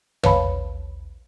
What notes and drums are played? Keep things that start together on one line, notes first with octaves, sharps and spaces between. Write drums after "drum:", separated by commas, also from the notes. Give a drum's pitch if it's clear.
B4 C#5 F5 A5 B5, drum: tom